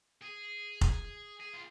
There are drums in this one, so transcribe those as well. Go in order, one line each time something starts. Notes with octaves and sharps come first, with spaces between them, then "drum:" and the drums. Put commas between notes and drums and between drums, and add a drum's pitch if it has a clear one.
G#4
drum: kick F1
G#4
F4